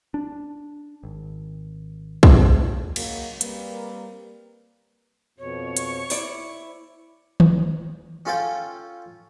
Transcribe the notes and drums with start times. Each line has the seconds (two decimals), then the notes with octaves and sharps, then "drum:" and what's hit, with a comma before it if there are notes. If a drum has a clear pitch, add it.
0.14 D4
1.03 G#1
2.23 drum: kick
2.96 C#3 F#3 G#3 A#3, drum: cymbal
3.41 G3 A#3 C4 A#4 B4, drum: hi-hat
5.38 F2 B2 C#5
5.77 C#6, drum: hi-hat
6.10 E4 C5 D5, drum: open hi-hat
7.40 drum: tom D#3
8.25 C#4 F4 A4 G5